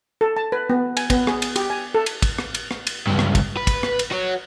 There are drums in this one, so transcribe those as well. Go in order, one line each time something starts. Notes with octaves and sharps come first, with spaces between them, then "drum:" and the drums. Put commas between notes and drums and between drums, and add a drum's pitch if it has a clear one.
A4
A5
B4
B3
G#5, drum: cymbal
B3, drum: kick, cymbal
G#4, drum: rim click
drum: cymbal
G4, drum: cymbal
G#5
A4
drum: cymbal
drum: kick, cymbal
drum: rim click
drum: cymbal
drum: rim click
drum: cymbal
C#2 G2
drum: rim click
drum: kick, cymbal
B4
drum: kick, cymbal
drum: rim click
drum: cymbal
F#4 C#5